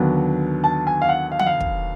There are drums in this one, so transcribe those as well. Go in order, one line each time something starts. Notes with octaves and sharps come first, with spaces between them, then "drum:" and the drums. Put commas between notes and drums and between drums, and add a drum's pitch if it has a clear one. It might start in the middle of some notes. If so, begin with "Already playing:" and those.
Already playing: D#2 D3 F#3 B3 D4
A5
G#5
F5
F#5
F5
F#5, drum: tom
F5
drum: kick